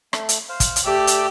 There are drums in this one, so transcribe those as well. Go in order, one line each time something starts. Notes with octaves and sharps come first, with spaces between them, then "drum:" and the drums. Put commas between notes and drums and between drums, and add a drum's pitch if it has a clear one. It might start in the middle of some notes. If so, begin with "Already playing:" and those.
A3, drum: rim click
drum: hi-hat
C5 F5
drum: kick, hi-hat
drum: hi-hat
A3 G4 D5 E6
drum: hi-hat